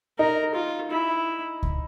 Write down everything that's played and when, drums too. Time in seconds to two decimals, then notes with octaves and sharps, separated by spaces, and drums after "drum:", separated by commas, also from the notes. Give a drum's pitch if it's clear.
0.19 D#4 A#4
0.55 F4
0.91 E4
1.63 drum: kick C#2